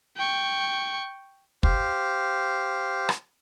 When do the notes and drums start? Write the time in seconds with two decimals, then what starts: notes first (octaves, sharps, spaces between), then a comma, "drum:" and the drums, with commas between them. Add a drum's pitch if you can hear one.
0.17 G5 C#6
1.63 G4 C5 F5, drum: kick
3.09 drum: rim click